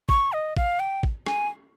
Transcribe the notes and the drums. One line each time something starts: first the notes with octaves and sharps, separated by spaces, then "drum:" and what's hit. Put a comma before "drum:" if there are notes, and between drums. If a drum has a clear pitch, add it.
C#6, drum: kick
D#5
F5, drum: kick
G5
drum: kick
G#5, drum: rim click